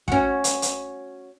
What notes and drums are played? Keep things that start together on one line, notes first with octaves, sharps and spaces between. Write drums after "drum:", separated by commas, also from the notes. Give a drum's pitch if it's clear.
C#4 F#4, drum: kick
drum: hi-hat
drum: hi-hat